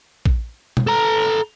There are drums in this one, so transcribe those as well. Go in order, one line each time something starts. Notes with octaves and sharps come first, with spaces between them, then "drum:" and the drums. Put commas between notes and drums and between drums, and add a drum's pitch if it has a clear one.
drum: kick A#1
drum: tom B2
A4 A#5